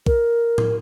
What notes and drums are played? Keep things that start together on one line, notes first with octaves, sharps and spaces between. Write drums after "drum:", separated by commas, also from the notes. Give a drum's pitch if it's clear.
A#4, drum: kick
drum: tom A2